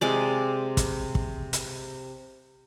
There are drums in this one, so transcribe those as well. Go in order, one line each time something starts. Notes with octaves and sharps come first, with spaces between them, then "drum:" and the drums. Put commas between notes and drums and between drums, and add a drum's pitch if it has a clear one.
C3 G#3 D5
drum: kick, hi-hat
drum: kick
drum: hi-hat